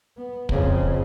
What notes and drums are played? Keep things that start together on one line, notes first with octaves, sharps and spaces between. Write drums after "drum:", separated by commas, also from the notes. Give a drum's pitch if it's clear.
B3
F2 C#3, drum: kick